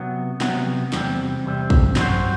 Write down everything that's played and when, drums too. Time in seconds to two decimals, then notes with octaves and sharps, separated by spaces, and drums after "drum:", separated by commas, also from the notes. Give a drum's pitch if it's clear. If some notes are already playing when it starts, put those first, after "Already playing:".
Already playing: C3 F#3 B3
0.41 C3 F#3 B3, drum: snare
0.93 E2 C3 G3 C4, drum: snare
1.44 E2 C3 G3 C4
1.70 drum: kick
1.96 G2 F#3 C4 F#4 C5, drum: snare